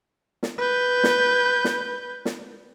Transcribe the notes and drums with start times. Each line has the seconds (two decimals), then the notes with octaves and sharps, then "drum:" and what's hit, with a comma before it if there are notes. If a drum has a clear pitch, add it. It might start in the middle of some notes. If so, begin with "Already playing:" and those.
0.43 drum: snare
0.58 B4 G6
1.04 drum: snare
1.64 drum: snare
2.25 drum: snare